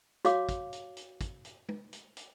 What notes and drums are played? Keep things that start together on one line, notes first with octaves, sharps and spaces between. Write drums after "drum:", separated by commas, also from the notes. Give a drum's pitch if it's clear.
F#4 C#5 F5 D6, drum: hi-hat
drum: kick, hi-hat
drum: hi-hat
drum: hi-hat
drum: kick, hi-hat
drum: hi-hat
drum: tom
drum: hi-hat
drum: hi-hat